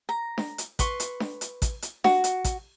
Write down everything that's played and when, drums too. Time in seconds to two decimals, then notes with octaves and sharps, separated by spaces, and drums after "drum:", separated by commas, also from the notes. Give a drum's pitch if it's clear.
0.09 A#5
0.38 drum: snare D4
0.58 drum: hi-hat
0.79 B4 C6 C#6, drum: kick A1, hi-hat
1.00 drum: hi-hat
1.20 drum: snare D4
1.41 drum: hi-hat
1.62 drum: kick A1, hi-hat
1.82 drum: hi-hat
2.04 F#4, drum: snare D4
2.24 drum: hi-hat
2.44 drum: kick A1, hi-hat